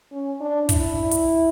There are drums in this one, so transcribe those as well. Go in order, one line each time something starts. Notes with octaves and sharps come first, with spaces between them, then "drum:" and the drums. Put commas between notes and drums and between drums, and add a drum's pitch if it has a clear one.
C#4
D4
E4, drum: kick, hi-hat
drum: hi-hat